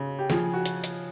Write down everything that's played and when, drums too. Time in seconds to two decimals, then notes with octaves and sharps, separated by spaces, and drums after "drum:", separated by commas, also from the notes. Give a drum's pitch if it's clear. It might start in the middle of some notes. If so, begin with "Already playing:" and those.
Already playing: C#3
0.19 G4
0.30 F3 G#4, drum: snare
0.53 F#4
0.66 drum: hi-hat
0.84 drum: hi-hat